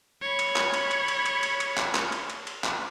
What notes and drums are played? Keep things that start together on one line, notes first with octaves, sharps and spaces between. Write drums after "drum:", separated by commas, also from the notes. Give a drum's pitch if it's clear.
C#5 B5
drum: cymbal
drum: clap
drum: cymbal
drum: cymbal
drum: cymbal
drum: cymbal
drum: cymbal
drum: cymbal
drum: clap
drum: clap
drum: cymbal
drum: cymbal
drum: cymbal
drum: clap